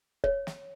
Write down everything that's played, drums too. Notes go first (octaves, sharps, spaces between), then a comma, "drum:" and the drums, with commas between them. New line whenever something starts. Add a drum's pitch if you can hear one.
C#5, drum: kick
drum: snare